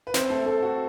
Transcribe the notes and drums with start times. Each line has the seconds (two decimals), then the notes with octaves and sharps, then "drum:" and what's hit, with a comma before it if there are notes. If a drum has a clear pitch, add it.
0.07 B4
0.14 C4 C5, drum: snare
0.30 A3 A4
0.46 A3 A4
0.62 F#4